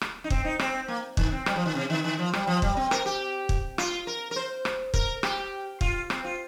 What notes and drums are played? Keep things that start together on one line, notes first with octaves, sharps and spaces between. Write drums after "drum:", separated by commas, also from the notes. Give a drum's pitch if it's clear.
drum: rim click
D#4
C4, drum: kick
D#4
C4, drum: rim click
A#3
D#3, drum: kick
C4
G3, drum: rim click
F3
D#3
C3
D#3
D#3
F3
G3, drum: rim click
F3
G3, drum: kick
C4
A#4, drum: rim click
G4
drum: kick
F4, drum: rim click
A#4
A#4
C5
drum: rim click
A#4, drum: kick
G4, drum: rim click
F4, drum: kick
C4, drum: rim click
F4